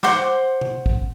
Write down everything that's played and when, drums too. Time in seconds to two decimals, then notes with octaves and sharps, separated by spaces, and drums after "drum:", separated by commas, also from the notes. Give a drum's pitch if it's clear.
0.03 C5 F#5 C6 D6, drum: snare
0.61 drum: tom C3
0.86 drum: kick